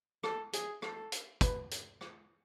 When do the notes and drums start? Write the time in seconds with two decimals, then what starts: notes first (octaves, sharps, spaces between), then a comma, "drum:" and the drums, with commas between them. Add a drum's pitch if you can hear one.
0.24 A4, drum: rim click
0.53 G#4, drum: hi-hat
0.82 A4, drum: rim click
1.12 drum: hi-hat
1.41 B4, drum: kick, hi-hat
1.71 drum: hi-hat
2.01 drum: rim click